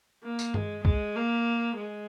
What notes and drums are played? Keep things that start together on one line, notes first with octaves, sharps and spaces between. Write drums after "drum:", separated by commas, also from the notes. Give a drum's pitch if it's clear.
A#3
drum: tambourine
G#3, drum: tom G2
G#3, drum: kick
A#3
G#3